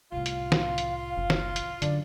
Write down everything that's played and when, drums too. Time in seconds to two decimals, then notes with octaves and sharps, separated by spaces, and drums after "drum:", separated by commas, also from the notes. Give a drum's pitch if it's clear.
0.12 C2 A2 F4 F5
0.26 drum: hi-hat
0.52 drum: snare
0.78 drum: hi-hat
1.17 F#1
1.30 drum: snare
1.56 drum: hi-hat
1.82 F#2 D3 D5, drum: hi-hat